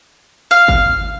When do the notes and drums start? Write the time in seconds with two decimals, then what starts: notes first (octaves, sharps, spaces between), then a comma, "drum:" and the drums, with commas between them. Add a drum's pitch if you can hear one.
0.51 F5
0.68 drum: kick G1